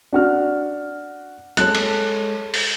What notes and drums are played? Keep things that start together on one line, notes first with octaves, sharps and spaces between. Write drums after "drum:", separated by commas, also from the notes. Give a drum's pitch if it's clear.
D4 F#4 F6
G#3 A4 C#5 F#6, drum: hi-hat
drum: cymbal
drum: open hi-hat